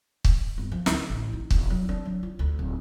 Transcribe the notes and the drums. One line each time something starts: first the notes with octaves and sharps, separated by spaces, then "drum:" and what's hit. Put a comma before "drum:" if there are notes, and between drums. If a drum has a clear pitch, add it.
drum: kick
G1
F3
D2, drum: snare
A1
D#4
E1, drum: kick
F#3
D4
F#3
F4
D2
D1